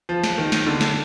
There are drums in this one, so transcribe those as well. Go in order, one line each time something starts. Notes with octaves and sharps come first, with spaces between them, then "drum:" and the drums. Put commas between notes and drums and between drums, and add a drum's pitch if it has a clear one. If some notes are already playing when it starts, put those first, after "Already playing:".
F3
drum: snare
D#3
drum: snare
D3
drum: snare